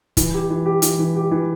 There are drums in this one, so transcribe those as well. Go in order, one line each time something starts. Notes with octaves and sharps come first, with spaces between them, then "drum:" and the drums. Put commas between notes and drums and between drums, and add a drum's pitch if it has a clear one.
E3, drum: kick, hi-hat
G4
E3
G4
E3, drum: hi-hat
E3
G4
E3